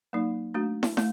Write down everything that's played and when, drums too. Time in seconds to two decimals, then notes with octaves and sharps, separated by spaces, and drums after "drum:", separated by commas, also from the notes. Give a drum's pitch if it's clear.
0.13 F#3 A#3 D#4
0.54 A3 D4 F#4
0.83 drum: snare
0.97 A3, drum: snare